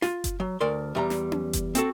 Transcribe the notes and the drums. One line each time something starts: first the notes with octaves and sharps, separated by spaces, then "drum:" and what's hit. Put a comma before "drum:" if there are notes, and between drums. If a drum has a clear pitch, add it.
F4, drum: snare
drum: kick F#1, hi-hat
F#3
D2 A#4 D5 C6
E2 G3 A#5
drum: snare
drum: tom C#4
drum: kick F#1, hi-hat
C4 F#4 A4, drum: hi-hat